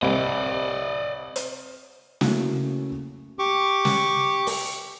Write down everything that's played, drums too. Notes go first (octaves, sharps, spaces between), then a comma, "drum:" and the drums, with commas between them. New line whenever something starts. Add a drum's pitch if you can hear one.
C2 D5 D#5
drum: hi-hat
C#3 F#3 A3 A#3 C#4 E4, drum: snare
G4 C#6 D6
drum: snare
drum: open hi-hat